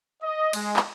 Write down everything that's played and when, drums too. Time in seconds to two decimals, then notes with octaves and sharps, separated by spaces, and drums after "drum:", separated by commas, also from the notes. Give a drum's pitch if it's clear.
0.22 D#5
0.53 G#3, drum: cymbal
0.77 drum: clap